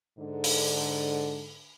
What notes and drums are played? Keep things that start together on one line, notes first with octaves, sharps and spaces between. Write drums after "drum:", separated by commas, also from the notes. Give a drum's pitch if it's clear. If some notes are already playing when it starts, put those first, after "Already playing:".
G#2 D3
drum: open hi-hat